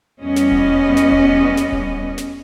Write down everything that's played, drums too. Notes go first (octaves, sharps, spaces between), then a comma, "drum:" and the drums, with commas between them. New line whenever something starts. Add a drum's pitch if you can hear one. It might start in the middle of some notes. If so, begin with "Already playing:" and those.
E2 G3 B3 C#4 D#5
drum: snare
drum: kick D#1
drum: snare
drum: kick D#1
drum: snare
drum: kick D#1
drum: snare